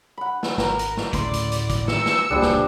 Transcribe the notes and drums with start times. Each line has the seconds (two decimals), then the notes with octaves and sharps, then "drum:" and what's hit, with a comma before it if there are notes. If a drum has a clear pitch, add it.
0.18 F#5 B5
0.43 drum: snare
0.58 G#1 A#4, drum: snare
0.79 drum: hi-hat
0.97 drum: snare
1.13 D1 A2 C#3 A3 D5 C6, drum: kick, hi-hat
1.33 drum: hi-hat
1.52 drum: hi-hat
1.70 drum: kick, hi-hat
1.88 D#3 E6 C#7, drum: snare
2.06 drum: snare
2.31 D#1 C#2 F3 G3 A#3 D4 F#4 G#4
2.42 drum: snare